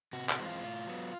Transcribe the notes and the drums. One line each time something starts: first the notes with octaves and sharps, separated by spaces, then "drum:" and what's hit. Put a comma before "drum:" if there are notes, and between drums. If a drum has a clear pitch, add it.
C3 F#4
F#4, drum: clap
E3 G#3 C4
F4
A2
F#3 B3